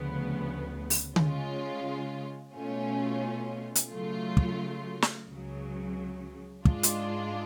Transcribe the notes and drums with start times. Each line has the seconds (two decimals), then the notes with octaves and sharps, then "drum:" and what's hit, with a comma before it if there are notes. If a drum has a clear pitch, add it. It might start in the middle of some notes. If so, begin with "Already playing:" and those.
Already playing: D2 C#3 F3 B3
0.90 drum: open hi-hat
1.16 C#3 G#3 C#4 F4, drum: tom D3
2.54 B2 A3 C#4 F4
3.75 drum: hi-hat
3.91 C#3 F#3 A3 F4
4.37 drum: kick
5.02 drum: snare
5.28 C#2 C#3 F#3
6.65 G#2 G#3 D4 F4, drum: kick
6.83 drum: hi-hat